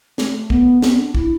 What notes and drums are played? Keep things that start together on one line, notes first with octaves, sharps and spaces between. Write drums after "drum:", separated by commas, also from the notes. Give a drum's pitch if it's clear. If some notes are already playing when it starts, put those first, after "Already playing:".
A3, drum: snare
B3, drum: kick
B3, drum: snare
D4
E4, drum: kick